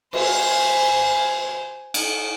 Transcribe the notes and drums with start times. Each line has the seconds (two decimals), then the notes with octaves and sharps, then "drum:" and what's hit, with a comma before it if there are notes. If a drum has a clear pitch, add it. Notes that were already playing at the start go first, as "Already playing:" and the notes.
0.13 C5 G#5, drum: cymbal
1.94 drum: cymbal